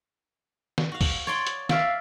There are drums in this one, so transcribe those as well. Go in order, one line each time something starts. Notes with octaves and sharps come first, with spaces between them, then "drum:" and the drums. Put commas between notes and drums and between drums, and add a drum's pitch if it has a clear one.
drum: snare
F#4 F5
drum: kick, open hi-hat
C#5 D5 C6
drum: hi-hat
D5 E5 F5, drum: snare